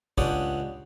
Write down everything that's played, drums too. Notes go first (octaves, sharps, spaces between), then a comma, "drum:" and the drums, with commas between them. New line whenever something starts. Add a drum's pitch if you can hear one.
C#2 C#4 D4 G4 F#5 D#6, drum: kick